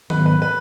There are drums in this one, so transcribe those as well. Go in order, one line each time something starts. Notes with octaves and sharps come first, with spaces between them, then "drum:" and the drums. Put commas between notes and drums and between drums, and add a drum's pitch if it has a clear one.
G#2 D#3 F#3 B3 B4, drum: tom D#3
B4
B4